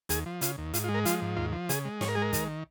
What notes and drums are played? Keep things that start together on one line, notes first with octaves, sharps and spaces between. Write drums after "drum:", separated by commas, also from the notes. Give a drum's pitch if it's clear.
D#2 G#4, drum: hi-hat
F3
C#3 F4, drum: hi-hat
D#2
G#2 F4, drum: hi-hat
F4
G#3
A#4
F3 F4, drum: hi-hat
G#2
D#2 F4
F3
C#3 G#4, drum: hi-hat
G#3
G#2 C#5, drum: snare
A#4
G#3 G#4
A#4
D#3, drum: kick, hi-hat